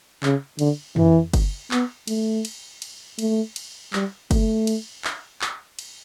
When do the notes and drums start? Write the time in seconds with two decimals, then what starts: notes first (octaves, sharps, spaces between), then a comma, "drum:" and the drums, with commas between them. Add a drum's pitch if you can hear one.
0.23 C#3, drum: clap
0.59 D3, drum: cymbal
0.96 E3, drum: tom
1.33 drum: kick F#1, cymbal
1.71 B3, drum: clap
2.08 A3, drum: cymbal
2.45 drum: cymbal
2.82 drum: cymbal
3.19 A3, drum: cymbal
3.56 drum: cymbal
3.93 G3, drum: clap
4.31 A3, drum: kick F#1, cymbal
4.67 drum: cymbal
5.04 drum: clap
5.41 drum: clap
5.79 drum: cymbal